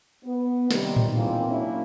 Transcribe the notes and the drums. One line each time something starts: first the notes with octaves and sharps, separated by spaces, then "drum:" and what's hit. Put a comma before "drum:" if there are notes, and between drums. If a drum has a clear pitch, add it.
B3
C3 D#3 G3, drum: snare
drum: tom A2
E2 E3 F3 G#3 A#3 C4
F#3 A#3 C#4 D4 E4